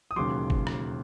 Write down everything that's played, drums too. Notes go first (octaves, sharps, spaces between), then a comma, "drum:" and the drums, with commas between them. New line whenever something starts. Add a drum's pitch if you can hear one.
D#6
E1 D#2 C#3 F#3 C6 D6
drum: kick
drum: rim click